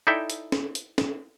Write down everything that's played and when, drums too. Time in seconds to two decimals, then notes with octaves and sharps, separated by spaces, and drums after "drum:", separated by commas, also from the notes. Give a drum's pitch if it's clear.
0.07 D#4 E4 A4 D5 E5 G5
0.30 drum: hi-hat
0.52 drum: snare
0.75 drum: hi-hat
0.98 drum: snare